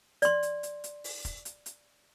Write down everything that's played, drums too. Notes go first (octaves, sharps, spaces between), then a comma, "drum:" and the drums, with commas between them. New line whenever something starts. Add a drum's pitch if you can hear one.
D5 C6, drum: hi-hat
drum: hi-hat
drum: hi-hat
drum: hi-hat
drum: open hi-hat
drum: kick, hi-hat
drum: hi-hat
drum: hi-hat